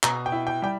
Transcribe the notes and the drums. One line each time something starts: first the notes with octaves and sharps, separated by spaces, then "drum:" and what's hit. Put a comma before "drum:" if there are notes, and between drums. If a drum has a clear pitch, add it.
B2 A#5, drum: clap
G5
E4
G5
G3 G5